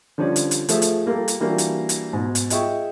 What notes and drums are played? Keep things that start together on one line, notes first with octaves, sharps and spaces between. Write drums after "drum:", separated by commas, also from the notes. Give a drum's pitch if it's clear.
D3 F3 G3 C#4 D5
drum: hi-hat
drum: hi-hat
F3 A3 G#4 E5, drum: hi-hat
drum: hi-hat
G3 A#3 F4 G4 A4
drum: hi-hat
E3 G3 A#3 D4 F4 F#4
drum: hi-hat
drum: hi-hat
G#2 B2
drum: hi-hat
F4 G#4 D#5 E5 G5 C#6, drum: hi-hat